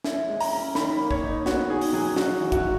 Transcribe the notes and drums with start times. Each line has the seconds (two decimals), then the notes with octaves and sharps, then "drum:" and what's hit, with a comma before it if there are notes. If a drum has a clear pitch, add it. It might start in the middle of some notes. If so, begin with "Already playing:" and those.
0.04 E4, drum: snare
0.28 G#3
0.40 A#5, drum: open hi-hat
0.52 C#4
0.75 D#3 B5, drum: snare
0.99 A#3
1.11 C#5, drum: kick
1.23 D#4
1.46 B3 F#4, drum: snare
1.70 D#3 G#4
1.81 drum: open hi-hat
1.93 F#3 G#4
2.16 D#4 F#4, drum: snare
2.40 E3
2.52 F#4, drum: kick, hi-hat